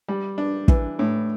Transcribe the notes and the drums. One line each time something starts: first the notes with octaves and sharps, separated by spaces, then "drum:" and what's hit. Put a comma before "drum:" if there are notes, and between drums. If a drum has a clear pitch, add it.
G3
D4
E3, drum: kick
A2